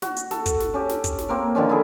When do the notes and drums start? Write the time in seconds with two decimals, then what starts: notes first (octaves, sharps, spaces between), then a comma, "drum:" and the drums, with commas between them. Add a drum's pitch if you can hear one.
0.02 F#4, drum: snare
0.17 drum: hi-hat
0.31 A4, drum: snare
0.46 drum: kick, hi-hat
0.60 drum: snare
0.74 C#4 G4
0.89 drum: snare
1.04 drum: kick, hi-hat
1.18 drum: snare
1.29 A#3 C4 A#4
1.55 D3 D#3 F3 C#4
1.69 E4 G#4